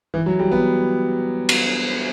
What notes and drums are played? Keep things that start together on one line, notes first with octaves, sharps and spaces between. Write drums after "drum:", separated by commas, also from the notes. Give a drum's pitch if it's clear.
E3
F#3
G3
B3
drum: cymbal